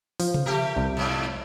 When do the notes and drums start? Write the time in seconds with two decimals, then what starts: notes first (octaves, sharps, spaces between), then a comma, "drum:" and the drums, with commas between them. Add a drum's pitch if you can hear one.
0.20 F3, drum: open hi-hat
0.34 drum: tom C3
0.46 A3 G4 A#4
0.76 C2
0.97 F2 G#2